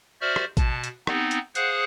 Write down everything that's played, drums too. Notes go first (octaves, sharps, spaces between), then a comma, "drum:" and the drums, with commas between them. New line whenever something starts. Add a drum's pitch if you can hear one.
F#4 C5 D5 E5 F6
drum: rim click
B2 A5, drum: kick, hi-hat
drum: hi-hat
B3 C4 D#4, drum: rim click
drum: hi-hat
G#4 C5 F5 F#5 D#6 F#6, drum: hi-hat